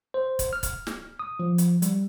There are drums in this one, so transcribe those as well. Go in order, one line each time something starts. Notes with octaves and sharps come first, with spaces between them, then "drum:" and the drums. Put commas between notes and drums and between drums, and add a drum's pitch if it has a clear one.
C5
drum: kick, hi-hat
F6
drum: kick, hi-hat
drum: snare
D#6
F3
drum: hi-hat
G3, drum: hi-hat